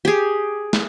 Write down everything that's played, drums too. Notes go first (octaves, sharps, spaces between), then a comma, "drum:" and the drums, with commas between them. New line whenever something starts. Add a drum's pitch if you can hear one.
G4 G#4
drum: snare